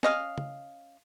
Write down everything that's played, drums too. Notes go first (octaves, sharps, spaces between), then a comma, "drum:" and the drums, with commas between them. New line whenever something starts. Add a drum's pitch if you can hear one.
C#4 D#5 F5, drum: snare
drum: tom